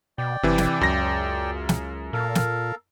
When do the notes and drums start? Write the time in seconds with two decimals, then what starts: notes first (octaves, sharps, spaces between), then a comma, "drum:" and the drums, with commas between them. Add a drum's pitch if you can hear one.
0.18 B2 D5 G5
0.43 G1 C3 E3
0.58 drum: snare
0.81 C#2 F#2 A#6
1.56 F5
1.69 drum: snare
2.13 A#2 A4 A#4 F5
2.35 drum: snare